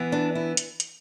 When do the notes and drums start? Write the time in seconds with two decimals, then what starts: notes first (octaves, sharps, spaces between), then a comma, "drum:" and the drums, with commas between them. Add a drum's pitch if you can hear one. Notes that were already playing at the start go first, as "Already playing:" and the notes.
Already playing: E3 B3
0.12 D4
0.35 E4
0.57 drum: hi-hat
0.80 drum: hi-hat